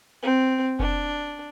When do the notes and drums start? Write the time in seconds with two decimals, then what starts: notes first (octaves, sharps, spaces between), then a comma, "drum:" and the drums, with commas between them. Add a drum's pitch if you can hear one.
0.22 C4
0.79 D4, drum: kick F1